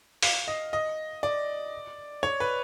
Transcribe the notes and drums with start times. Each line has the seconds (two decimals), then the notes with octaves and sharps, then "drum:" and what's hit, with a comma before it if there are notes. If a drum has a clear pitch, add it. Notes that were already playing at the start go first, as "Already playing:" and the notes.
0.23 F5, drum: open hi-hat
0.48 D#5
0.73 D#5
1.23 D5
2.23 C#5
2.40 B4